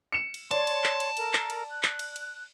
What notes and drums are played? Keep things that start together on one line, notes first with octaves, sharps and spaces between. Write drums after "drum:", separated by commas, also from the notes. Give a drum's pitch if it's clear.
C#7 E7
drum: cymbal
C#5 D5 A5 C6, drum: cymbal
drum: cymbal
drum: clap
drum: cymbal
A4 A#4, drum: cymbal
drum: clap
drum: cymbal
F#6
drum: clap
drum: cymbal
drum: cymbal